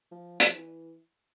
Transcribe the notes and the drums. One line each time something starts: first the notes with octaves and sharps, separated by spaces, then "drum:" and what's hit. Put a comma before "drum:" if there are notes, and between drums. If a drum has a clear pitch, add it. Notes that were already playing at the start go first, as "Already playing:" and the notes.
F3
F3, drum: hi-hat
E3